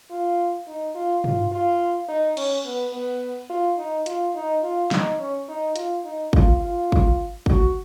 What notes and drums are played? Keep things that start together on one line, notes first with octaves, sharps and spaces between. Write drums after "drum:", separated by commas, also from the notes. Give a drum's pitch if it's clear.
F4
D#4
F4
F4, drum: tom
F4
D#4
C#4, drum: cymbal
B3
B3
F4
D#4
F4, drum: hi-hat
D#4
F4
D#4, drum: snare
C#4
D#4
F4, drum: hi-hat
D#4
F4, drum: kick
F4
drum: kick
F#4, drum: kick